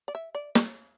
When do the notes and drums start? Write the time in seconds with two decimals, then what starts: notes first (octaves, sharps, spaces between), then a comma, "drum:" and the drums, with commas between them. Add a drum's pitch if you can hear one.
0.08 D5
0.15 E5
0.35 D5
0.55 drum: snare